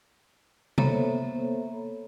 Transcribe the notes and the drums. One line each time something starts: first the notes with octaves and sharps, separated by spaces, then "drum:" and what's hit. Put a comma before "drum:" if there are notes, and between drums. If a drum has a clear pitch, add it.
A#3 B3 A4 C5 C#5 E5, drum: tom C3